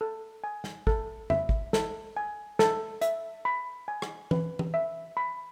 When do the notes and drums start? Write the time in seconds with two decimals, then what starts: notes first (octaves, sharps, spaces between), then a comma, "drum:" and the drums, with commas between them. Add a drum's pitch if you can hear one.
0.01 A4
0.44 G#5
0.64 drum: snare
0.87 A4, drum: kick G#1
1.30 E5, drum: tom
1.49 drum: kick G#1
1.73 A4, drum: snare
2.17 G#5
2.59 A4, drum: snare
3.02 E5, drum: hi-hat
3.45 B5
3.88 G#5
4.02 drum: rim click
4.31 B4, drum: tom E3
4.59 drum: tom E3
4.74 E5
5.17 B5